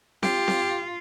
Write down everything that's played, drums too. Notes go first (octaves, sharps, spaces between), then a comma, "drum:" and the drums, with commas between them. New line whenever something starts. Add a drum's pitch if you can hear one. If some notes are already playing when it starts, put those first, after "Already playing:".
F4 G4, drum: snare C4
drum: snare C4